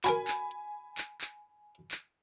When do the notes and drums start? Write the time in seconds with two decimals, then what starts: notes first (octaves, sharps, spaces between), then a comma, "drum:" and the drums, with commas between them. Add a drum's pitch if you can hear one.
0.04 F#4 A#4 G#5 B5, drum: clap
0.28 drum: clap
0.51 drum: hi-hat
0.98 drum: clap
1.21 drum: clap
1.91 drum: clap